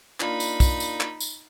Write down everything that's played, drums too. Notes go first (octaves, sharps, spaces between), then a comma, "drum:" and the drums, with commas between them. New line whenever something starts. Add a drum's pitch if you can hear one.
A#3 D4 D#4 F4 B5, drum: clap
drum: tambourine
drum: kick, tambourine
drum: tambourine
drum: clap
drum: tambourine